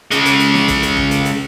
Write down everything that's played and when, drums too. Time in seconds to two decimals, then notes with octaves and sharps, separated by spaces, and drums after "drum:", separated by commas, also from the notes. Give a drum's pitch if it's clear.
0.11 C#3 G#3, drum: hi-hat
0.25 drum: hi-hat
0.40 drum: hi-hat
0.54 drum: snare
0.68 drum: kick, hi-hat
0.82 drum: hi-hat
0.97 drum: kick
1.11 drum: hi-hat
1.25 drum: hi-hat